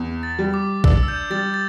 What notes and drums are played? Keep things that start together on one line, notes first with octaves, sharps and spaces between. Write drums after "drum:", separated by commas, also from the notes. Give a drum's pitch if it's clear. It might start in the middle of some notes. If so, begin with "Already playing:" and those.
Already playing: E2
A6
G3
D6
D4 E6, drum: kick A#1
E6
G6
G3 A6
A6